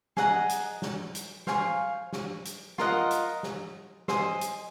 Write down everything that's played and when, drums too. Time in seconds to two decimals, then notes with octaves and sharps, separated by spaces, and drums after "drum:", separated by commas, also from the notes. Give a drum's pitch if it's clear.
0.17 G#4 D#5 F#5 A#5, drum: snare
0.49 drum: hi-hat
0.82 drum: snare
1.15 drum: hi-hat
1.47 C5 F5 G#5 C#6, drum: snare
2.13 drum: snare
2.45 drum: hi-hat
2.78 F4 A#4 D#5 F#5, drum: snare
3.11 drum: hi-hat
3.43 drum: snare
4.08 C5 D#5 G#5 D#6, drum: snare
4.41 drum: hi-hat